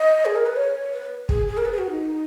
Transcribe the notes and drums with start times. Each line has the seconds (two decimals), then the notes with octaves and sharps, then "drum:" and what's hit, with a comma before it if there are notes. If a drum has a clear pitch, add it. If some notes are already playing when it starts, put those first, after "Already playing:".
Already playing: D#5
0.25 G#4
0.35 A#4
0.46 B4
0.56 C#5
0.92 B4
1.29 G#4, drum: kick
1.47 G#4
1.57 A#4
1.65 B4
1.72 G#4
1.78 F#4
1.90 D#4